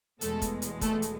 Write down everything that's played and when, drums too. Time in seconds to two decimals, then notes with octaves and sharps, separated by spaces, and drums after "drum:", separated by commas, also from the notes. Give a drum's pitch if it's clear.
0.21 E2 B2 G#3 A3 A4, drum: hi-hat
0.42 drum: kick, hi-hat
0.62 drum: hi-hat
0.81 A3 A4, drum: kick, hi-hat
1.02 drum: hi-hat